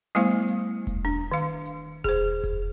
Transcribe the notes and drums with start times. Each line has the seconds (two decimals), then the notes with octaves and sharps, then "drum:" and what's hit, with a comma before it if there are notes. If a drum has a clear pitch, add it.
0.15 G3 A3 B3 E4 C5 F5
0.48 drum: hi-hat
0.87 drum: kick E1, hi-hat
1.05 D4
1.31 D#3 F5
1.65 drum: hi-hat
2.04 G#4 C5, drum: kick E1, hi-hat
2.44 drum: kick E1, hi-hat